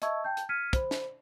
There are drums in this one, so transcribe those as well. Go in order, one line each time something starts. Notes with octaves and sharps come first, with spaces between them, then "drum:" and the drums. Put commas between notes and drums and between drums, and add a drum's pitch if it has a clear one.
D#5 E5 A5 C#6 E6 G#6, drum: hi-hat
G5 A5 G6
drum: hi-hat
F6 G#6 B6 C#7 D#7
C5 B5, drum: kick, hi-hat
drum: snare